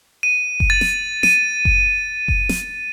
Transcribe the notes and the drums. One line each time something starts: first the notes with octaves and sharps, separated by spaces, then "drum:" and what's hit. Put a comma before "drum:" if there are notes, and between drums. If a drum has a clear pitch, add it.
D#7
drum: kick F#1
A6
drum: snare
D#7, drum: snare
drum: kick F#1
drum: kick F#1
drum: snare